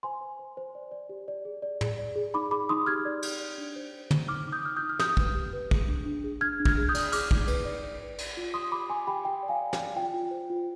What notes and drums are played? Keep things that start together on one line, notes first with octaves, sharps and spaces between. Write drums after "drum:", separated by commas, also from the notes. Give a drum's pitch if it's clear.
C5 G#5 C6
C5
C5
C5
D5
D5
G4
D5
G#4
D5
G#4, drum: tom
D5
G#4
D#4 B5 D6
G#4 B5 D6
D#4 C6 D#6
G4 F6 G#6
D5
G4, drum: cymbal
D5
D4
C5
C5
C5, drum: tom
D#4 D6 F6
D#4
D#6 G6
D#4 F6
D#6 G6
D#4
F6
G4 D#6 G6, drum: snare
B4, drum: kick
G4
B4
G#4, drum: kick
D4
D4
G#4
D4 F6 G#6
D4
F6 G#6, drum: kick
G#4
D#6 G6
D5, drum: cymbal
G#4 D6 F6, drum: cymbal
D#4, drum: kick
B4, drum: cymbal
D5
D5
B4
D5, drum: cymbal
F4
G4 C6 D#6
G4 B5 D6
G4 G#5 C6
G4 G5 B5
G4 G5
D5
F5 G#5
D5
G5, drum: snare
D5
F4 G5
F4
C5
F4